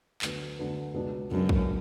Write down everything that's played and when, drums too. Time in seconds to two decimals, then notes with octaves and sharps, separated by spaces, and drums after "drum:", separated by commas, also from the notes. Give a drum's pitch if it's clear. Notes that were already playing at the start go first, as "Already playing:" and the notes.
0.22 D2 D3 F#3 B3, drum: clap
0.59 D2 D3 F#3 B3
0.94 C#2 B2 F#3 B3 D4
1.31 C#2 F#2 B2 F#3 B3 D4
1.49 drum: kick